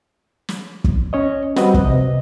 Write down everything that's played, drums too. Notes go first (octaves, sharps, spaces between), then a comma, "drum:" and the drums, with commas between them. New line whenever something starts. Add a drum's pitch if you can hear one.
drum: snare
drum: kick
C#4 C#5 D#5
G3 C4 F#4 B4 D#5, drum: snare
drum: kick
C3 D#5